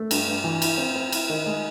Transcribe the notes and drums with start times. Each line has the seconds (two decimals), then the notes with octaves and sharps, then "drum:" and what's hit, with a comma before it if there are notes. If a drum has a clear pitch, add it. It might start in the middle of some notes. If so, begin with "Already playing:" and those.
Already playing: A3
0.11 G2, drum: cymbal
0.27 G2
0.44 E3
0.62 E4, drum: cymbal
0.78 C4
0.96 C4
1.12 E4, drum: cymbal
1.30 D#3
1.46 G#3